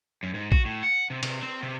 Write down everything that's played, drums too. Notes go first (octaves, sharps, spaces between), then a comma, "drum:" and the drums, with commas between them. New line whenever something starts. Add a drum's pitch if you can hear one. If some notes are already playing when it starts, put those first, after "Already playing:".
F#2
G#2
F#4, drum: kick A#1
A2
F#5
C3
C3, drum: cymbal
C4
C3